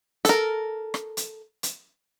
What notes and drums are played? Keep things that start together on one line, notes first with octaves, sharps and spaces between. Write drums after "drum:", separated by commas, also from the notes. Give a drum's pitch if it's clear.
A4 A#4, drum: hi-hat
drum: rim click
drum: hi-hat
drum: hi-hat